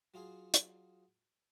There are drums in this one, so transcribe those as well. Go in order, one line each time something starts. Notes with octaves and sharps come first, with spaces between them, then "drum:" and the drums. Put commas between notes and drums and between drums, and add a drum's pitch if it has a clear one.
F#3 F4 G#4 F5
drum: hi-hat